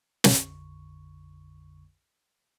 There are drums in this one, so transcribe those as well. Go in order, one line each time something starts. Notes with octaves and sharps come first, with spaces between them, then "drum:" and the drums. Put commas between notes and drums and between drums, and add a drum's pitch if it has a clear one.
A#1 F2 D3 C#6, drum: snare